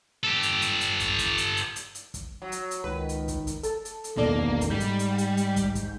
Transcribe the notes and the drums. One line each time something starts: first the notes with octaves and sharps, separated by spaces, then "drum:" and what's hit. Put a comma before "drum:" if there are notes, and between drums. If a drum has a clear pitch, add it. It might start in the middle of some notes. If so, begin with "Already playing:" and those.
G4 A4
drum: hi-hat
drum: hi-hat
drum: hi-hat
drum: kick, hi-hat
drum: kick, hi-hat
drum: hi-hat
drum: hi-hat
drum: hi-hat
drum: hi-hat
drum: kick, hi-hat
F#3
drum: hi-hat
drum: hi-hat
C#2 D#3 B4
drum: hi-hat
drum: kick, hi-hat
drum: kick, hi-hat
A4 A5, drum: hi-hat
drum: hi-hat
drum: hi-hat
E2 B2 D#3 A#3 D#4 A4 D5
drum: kick
drum: kick, hi-hat
G#2 G3 G6
drum: hi-hat
drum: hi-hat
drum: hi-hat
drum: hi-hat
drum: kick, hi-hat
drum: kick, hi-hat